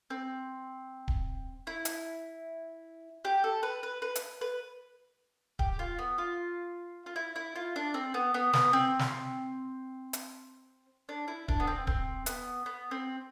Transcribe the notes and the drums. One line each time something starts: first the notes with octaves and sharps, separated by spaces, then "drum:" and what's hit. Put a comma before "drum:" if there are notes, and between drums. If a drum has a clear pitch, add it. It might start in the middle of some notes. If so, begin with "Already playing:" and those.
C4
drum: kick D1
E4
drum: hi-hat
G4
A4
B4
B4
B4
drum: hi-hat
B4
G4, drum: kick D1
F4
B3
F4
F4
E4
E4
F4
D4
C4
B3
B3
B3, drum: snare
C4
drum: snare
drum: hi-hat
D4
E4
D4, drum: kick D1
B3
C4
C4, drum: kick D1
B3, drum: hi-hat
B3
C4